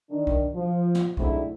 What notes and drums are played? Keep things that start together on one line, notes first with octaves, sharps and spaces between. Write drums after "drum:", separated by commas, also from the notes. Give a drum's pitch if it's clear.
D#3 D4
drum: kick B1
F3
drum: snare
G#2 F#3 A3 C4 D4 E4, drum: kick B1